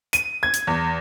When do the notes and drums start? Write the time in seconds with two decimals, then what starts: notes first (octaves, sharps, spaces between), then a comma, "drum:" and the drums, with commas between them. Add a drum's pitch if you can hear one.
0.13 D#7, drum: hi-hat
0.43 G#6
0.54 drum: hi-hat
0.67 E2